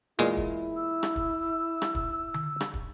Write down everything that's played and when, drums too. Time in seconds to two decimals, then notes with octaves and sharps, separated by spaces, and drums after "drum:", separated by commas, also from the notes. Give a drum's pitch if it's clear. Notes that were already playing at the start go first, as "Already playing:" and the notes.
0.19 E2 A#2 G#3 E4
0.37 drum: kick
0.76 E6
1.03 drum: rim click
1.16 drum: kick
1.82 drum: rim click
1.95 drum: kick
2.34 drum: tom D3
2.60 drum: rim click
2.74 drum: kick